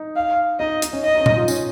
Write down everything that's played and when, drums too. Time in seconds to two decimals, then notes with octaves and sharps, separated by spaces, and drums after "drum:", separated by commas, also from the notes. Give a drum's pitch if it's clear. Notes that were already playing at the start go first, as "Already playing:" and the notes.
Already playing: D#4
0.16 F5
0.60 D#4 D#5
0.82 D#4, drum: hi-hat
0.93 C#4
1.04 D#5
1.15 D#4
1.20 C#4
1.26 D#4, drum: tom
1.36 F4
1.48 C#4, drum: tambourine